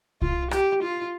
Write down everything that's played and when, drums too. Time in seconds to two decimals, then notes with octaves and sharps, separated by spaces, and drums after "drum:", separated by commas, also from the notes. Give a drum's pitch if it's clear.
0.22 F4, drum: kick C2
0.51 G4, drum: rim click
0.83 F4